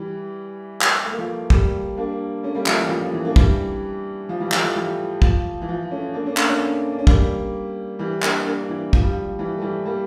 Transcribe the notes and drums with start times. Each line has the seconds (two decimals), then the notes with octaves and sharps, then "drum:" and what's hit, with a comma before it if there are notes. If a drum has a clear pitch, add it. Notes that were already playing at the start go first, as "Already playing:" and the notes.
Already playing: E3 G3
0.81 drum: clap
1.05 A3
1.11 A#3
1.18 F3 A3
1.50 G3 A#3, drum: kick
1.97 A#3 D4
2.43 A3 C#4
2.55 G3 A#3
2.66 F3 A3, drum: clap
2.78 E3 G3
2.89 F3
3.01 F3
3.13 E3
3.25 A#3 D4
3.36 E3 G3, drum: kick
4.29 F3
4.40 E3 G3
4.52 F3 A3, drum: clap
4.64 F3
4.76 E3 G3
5.22 F3, drum: kick
5.62 E3
5.68 F3
5.91 A3 C#4
6.14 A#3 D4
6.26 A3 C#4
6.37 A#3 D4, drum: clap
6.49 A3 C#4
6.92 D4
6.99 C#4
7.07 G3 A#3, drum: kick
7.99 E3 G3
8.22 A#3 D4, drum: clap
8.46 A#3 D4
8.70 E3
8.93 F3, drum: kick
9.02 G3
9.12 F3
9.39 E3 G3
9.57 A3
9.61 E3 G3
9.85 G3 A#3